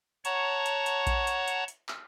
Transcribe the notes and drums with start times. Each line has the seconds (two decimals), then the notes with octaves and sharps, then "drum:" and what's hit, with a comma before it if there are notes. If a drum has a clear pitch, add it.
0.25 C#5 F#5 A5 A#5 C#6, drum: hi-hat
0.66 drum: hi-hat
0.86 drum: hi-hat
1.07 drum: kick A#1, hi-hat
1.27 drum: hi-hat
1.48 drum: hi-hat
1.68 drum: hi-hat
1.89 drum: clap